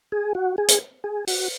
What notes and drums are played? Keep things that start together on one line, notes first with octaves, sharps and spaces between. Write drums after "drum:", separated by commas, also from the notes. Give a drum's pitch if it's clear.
G#4
F#4
G#4
drum: hi-hat
G#4
F#4, drum: open hi-hat